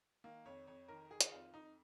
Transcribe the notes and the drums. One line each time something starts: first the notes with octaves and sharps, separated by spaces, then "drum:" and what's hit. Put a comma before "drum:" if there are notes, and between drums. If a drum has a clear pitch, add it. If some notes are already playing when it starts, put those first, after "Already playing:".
D#3 A#3
F2 C#5
F2 C#5
D#3 A#4
D#3 G#4
drum: hi-hat
F2 F4
F2 D#4